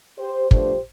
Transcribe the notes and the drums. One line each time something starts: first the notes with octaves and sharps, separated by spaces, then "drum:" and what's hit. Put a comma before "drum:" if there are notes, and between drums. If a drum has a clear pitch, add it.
G4 C5
G2 F3 A3 D4 G4 C5, drum: kick